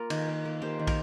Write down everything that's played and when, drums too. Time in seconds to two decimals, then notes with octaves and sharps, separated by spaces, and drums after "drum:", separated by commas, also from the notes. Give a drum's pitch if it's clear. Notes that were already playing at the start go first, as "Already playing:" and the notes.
Already playing: A#3 F4 A#4
0.10 D#3, drum: cymbal
0.28 A#3
0.45 A#3
0.62 A#3 G4 C5
0.79 D#3
0.87 A#4, drum: kick, cymbal